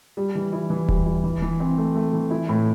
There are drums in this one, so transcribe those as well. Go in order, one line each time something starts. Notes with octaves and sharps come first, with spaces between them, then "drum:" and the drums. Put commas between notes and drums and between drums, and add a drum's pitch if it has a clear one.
G3
E3
E4
E3
G3, drum: kick D#1
E4
E3
E3
C4
A3
A3
E3
E4
A2